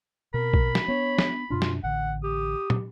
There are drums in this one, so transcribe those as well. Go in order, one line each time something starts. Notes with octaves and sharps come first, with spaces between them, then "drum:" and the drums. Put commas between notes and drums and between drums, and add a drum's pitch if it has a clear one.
B2 C4 A#4 B5
drum: kick A#1
drum: snare
B3 D4 C#5
drum: snare
F#2 B2 D4 F4
drum: snare
A1 D3 F#5
G4 D#6
drum: tom